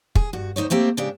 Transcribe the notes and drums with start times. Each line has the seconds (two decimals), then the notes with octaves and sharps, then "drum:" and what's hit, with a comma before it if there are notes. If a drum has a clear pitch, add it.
0.15 G#4, drum: kick
0.33 G2 F#4
0.56 D2 D#4 C5 C#5
0.70 A3 A#3 C4 G4
0.97 G#2 C#3 D4 G4